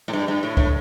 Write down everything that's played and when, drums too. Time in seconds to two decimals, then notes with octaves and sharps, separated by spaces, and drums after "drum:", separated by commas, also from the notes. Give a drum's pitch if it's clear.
0.08 A2
0.13 G2
0.28 G2
0.43 A2
0.57 A2, drum: kick